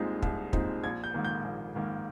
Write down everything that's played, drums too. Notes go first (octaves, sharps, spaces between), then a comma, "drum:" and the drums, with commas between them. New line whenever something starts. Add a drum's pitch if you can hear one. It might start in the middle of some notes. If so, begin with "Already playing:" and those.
Already playing: C2 A#2 G#3 C4 D#4
C2, drum: kick
A#2 G#3 C4 D#4, drum: kick
A#1 G#6
G6
G#2 D#3 A#3
G6
A#1
G#2 D#3 A#3